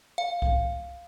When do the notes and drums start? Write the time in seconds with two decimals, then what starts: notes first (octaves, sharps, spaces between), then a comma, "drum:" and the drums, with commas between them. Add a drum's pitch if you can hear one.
0.18 F5
0.42 drum: kick C2